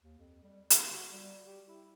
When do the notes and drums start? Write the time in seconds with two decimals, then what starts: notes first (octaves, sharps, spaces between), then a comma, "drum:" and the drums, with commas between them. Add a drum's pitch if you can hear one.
0.03 D#2
0.18 F2
0.43 G3
0.70 D3, drum: hi-hat
0.92 F#4
1.12 G3
1.45 G4
1.67 E4